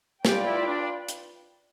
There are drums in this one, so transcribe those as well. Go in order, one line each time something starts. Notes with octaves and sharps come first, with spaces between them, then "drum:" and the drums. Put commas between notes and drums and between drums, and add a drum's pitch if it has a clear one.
F4 G4 B4 D5 G5, drum: snare
E4
D4
drum: hi-hat